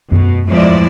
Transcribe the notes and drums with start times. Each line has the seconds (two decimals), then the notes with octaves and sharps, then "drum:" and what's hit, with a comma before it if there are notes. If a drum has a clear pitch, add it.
0.12 B2, drum: tom F#2
0.48 E2 A2 F3 G#3 E4 D5